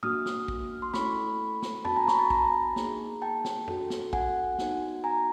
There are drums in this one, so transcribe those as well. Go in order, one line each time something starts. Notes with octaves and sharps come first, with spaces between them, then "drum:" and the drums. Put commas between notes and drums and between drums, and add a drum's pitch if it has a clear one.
A#3 D4 F#4 D#6 F6, drum: tom
drum: snare
drum: kick
C6
A3 C#4 E4 A4 B5 C#6, drum: snare
drum: snare
B3 D4 F#4 A5 B5, drum: tom
G#5 A#5
B5 C#6, drum: snare
A5 B5
G#5 A#5, drum: kick
A#3 D#4 G#4, drum: snare
G5 A5
drum: snare
D4 F#4 A4, drum: tom
drum: snare
F#5 G#5, drum: kick
B3 D#4 F#4, drum: snare
G#5 A#5